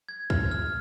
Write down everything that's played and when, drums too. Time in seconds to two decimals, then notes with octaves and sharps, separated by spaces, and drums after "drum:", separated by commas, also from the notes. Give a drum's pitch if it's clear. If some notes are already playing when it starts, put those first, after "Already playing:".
0.09 G#6
0.30 F6, drum: kick
0.51 F6